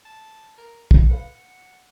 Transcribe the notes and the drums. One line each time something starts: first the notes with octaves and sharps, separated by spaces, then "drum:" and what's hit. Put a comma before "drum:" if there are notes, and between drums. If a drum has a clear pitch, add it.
A5
A#4
D#4, drum: kick
A4 B4 F5 F#5